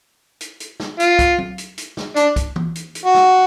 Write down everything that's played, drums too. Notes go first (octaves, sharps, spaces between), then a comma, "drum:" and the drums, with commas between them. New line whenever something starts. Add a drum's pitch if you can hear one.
drum: hi-hat
drum: hi-hat
drum: snare
F4, drum: hi-hat
drum: kick B1, hi-hat
drum: tom F#3
drum: hi-hat
drum: hi-hat
drum: snare
D4, drum: hi-hat
drum: kick B1, hi-hat
drum: tom E3
drum: hi-hat
drum: hi-hat
F#4
drum: snare